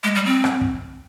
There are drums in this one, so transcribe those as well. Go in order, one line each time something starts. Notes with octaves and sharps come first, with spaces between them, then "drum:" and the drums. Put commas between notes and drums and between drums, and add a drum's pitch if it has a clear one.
G#3
G3
C4
drum: rim click
drum: kick